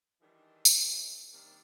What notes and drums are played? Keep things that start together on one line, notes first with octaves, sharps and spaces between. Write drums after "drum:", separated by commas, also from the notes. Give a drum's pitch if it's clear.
D#3 E3 G3 G#3 D4
drum: tambourine
C3 D#3 G3 A#3 D4